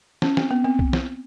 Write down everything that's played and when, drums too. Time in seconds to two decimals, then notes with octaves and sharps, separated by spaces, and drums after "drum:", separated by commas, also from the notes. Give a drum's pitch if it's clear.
0.22 C#4, drum: snare
0.37 C4, drum: snare
0.51 B3
0.64 C4
0.79 drum: kick B1
0.93 drum: snare